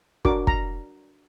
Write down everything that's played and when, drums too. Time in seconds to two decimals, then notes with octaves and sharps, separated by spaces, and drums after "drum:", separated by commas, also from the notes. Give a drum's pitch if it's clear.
0.25 D4 F#4 A#4 D6, drum: kick
0.47 A#5, drum: kick